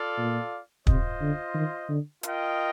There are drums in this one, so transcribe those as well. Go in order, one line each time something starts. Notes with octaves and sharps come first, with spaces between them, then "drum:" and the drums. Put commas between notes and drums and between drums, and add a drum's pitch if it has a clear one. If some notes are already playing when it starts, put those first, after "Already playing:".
Already playing: F4 A4 D5 F5
A#2
C3 F4 C5 D#5, drum: kick
D3
D#3
D3
F4 A#4 D#5 G5, drum: hi-hat